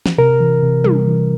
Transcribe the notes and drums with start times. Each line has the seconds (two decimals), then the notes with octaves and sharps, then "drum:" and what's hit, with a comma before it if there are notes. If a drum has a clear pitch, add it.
0.06 drum: snare
0.18 C3 A#4
0.40 E3
0.62 C3
0.84 G3, drum: tom
1.07 E3